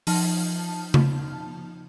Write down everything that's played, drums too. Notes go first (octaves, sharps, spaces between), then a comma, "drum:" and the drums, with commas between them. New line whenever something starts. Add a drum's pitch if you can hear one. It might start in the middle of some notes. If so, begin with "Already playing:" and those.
F3 D#4 A5 F6, drum: open hi-hat
drum: tom C#3